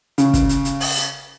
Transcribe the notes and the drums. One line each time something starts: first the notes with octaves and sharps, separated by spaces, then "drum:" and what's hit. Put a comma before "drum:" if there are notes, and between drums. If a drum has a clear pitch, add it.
C#3, drum: hi-hat
drum: kick, hi-hat
drum: hi-hat
drum: hi-hat
drum: open hi-hat
drum: hi-hat